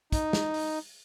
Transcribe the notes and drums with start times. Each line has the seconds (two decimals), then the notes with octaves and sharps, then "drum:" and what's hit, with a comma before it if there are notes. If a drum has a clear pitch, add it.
0.12 D#4, drum: kick, hi-hat
0.33 drum: snare
0.54 drum: open hi-hat